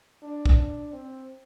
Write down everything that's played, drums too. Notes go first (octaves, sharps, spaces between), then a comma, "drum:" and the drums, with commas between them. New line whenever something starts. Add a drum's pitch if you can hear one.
D4
drum: kick
D4
C4